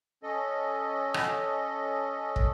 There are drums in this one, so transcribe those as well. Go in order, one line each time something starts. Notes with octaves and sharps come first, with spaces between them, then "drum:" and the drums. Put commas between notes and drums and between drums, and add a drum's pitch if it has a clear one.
C#4 A4 D#5
drum: rim click
drum: kick